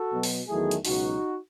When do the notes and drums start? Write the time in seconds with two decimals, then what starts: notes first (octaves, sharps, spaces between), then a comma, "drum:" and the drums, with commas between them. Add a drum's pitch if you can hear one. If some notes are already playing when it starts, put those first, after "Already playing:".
Already playing: F#4 A4
0.11 B2 F#3 B3
0.23 drum: open hi-hat
0.48 E2 D#3 F#3 A3 E4 G#4
0.71 drum: hi-hat
0.85 C#2 B2 F#3 D#4 F#4, drum: open hi-hat